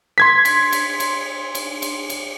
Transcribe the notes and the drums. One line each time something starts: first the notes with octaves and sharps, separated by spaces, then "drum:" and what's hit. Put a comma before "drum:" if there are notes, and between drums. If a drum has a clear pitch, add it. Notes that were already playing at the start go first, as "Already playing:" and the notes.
C6 G#6 B6
drum: cymbal
drum: cymbal
drum: cymbal
drum: cymbal
drum: cymbal
drum: cymbal